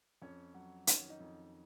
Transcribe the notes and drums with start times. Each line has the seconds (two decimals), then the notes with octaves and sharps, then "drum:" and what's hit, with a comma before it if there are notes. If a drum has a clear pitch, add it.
0.21 F2 C#4 C#5
0.54 F#3
0.87 D#3 C#4 C#5, drum: hi-hat
1.09 D#4 D#5
1.20 F2